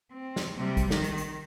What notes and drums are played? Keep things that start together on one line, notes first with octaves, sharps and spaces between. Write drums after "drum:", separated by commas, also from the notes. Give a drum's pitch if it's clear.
C4
drum: snare
C3 G3
drum: kick, hi-hat
D#3, drum: snare
drum: hi-hat
drum: hi-hat